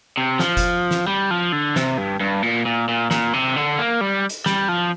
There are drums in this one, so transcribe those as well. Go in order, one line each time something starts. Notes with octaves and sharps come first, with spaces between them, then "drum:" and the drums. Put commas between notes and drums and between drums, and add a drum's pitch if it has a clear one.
C3
F3, drum: snare
drum: kick F#1, hi-hat
drum: snare
G3
F3
D3
C3, drum: snare
G2
G2
A#2
A#2
A#2
A#2, drum: snare
C3
D3
A#3
G3
drum: hi-hat
G3, drum: snare
F3